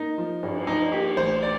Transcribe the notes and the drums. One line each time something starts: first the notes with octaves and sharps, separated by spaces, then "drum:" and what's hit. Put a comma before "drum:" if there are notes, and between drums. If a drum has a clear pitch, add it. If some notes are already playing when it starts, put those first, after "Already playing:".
Already playing: A#3 D#4
F3
G2, drum: cymbal
F3 D#4
A#3 G4
A1 C5
D5